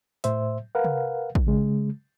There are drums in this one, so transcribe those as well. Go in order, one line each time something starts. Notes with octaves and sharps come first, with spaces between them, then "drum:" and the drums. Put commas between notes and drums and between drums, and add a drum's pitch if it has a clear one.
A2 C5 E5, drum: hi-hat
A#4 B4 F5 F#5
drum: tom C3
drum: kick
C#3 G#3